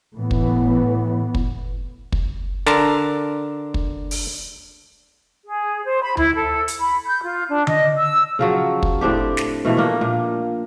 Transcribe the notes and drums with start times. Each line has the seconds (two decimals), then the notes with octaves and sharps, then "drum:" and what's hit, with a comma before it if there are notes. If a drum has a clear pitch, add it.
0.14 A2 E3 B3
0.31 drum: kick
1.35 drum: kick
2.12 drum: kick
2.66 D3 A#4 A5, drum: snare
3.74 drum: kick
4.11 drum: open hi-hat
5.45 G#4
5.85 C5
6.02 B5
6.17 E4, drum: tom D2
6.34 A4
6.68 drum: hi-hat
6.79 B5
7.06 G6
7.23 F4
7.49 D4
7.67 D#5, drum: tom D3
7.97 E6
8.39 C#3 F3 F#3
8.83 drum: kick
9.01 A2 C4 D4 G4
9.37 drum: snare
9.65 B2 E3 F3 A3
9.77 A#3 D4
10.01 A#2